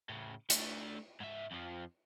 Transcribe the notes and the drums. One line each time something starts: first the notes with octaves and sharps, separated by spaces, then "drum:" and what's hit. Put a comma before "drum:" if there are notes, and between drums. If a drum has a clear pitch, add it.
A2 C#3
A3 D4, drum: hi-hat
G#2 E5
F2 F3